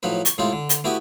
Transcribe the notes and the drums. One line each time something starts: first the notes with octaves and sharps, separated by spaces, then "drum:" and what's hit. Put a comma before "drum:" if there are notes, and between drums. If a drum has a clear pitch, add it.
A2 F3 F#3 D#4 B4
C#6, drum: hi-hat
A2 C3 G#3 C4 D#4 F4
D3
drum: hi-hat
A3 B3 E4 F#4 G4 D#5